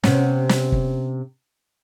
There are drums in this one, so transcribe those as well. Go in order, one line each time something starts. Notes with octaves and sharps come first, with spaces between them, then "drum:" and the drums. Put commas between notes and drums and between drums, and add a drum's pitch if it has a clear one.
C3 B3 C#4, drum: snare
drum: snare
drum: kick